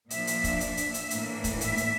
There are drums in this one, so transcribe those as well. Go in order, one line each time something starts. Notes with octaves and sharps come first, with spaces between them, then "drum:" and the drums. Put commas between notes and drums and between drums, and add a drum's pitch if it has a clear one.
A#2 F3 A#3 D4 E5, drum: hi-hat
drum: hi-hat
drum: kick, hi-hat
E5, drum: hi-hat
drum: hi-hat
drum: hi-hat
A2 E3 A#3 D4, drum: hi-hat
drum: kick, hi-hat
E5, drum: hi-hat
drum: hi-hat